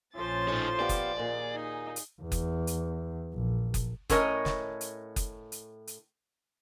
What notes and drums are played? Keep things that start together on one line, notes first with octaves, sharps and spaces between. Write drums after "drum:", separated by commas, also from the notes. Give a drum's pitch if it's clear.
A#1 F3 C#4 C5 A6
A2 D#4 C#5
B3 G4 D5 F5
drum: kick F#1, hi-hat
D#2 A#2 G#4
D#4
drum: hi-hat
E2
drum: kick F#1, hi-hat
drum: hi-hat
A#1
drum: kick F#1, hi-hat
A2 C#4 A#4 C#5 D#5, drum: kick F#1, hi-hat
drum: snare
drum: hi-hat
drum: kick F#1, hi-hat
drum: hi-hat
drum: hi-hat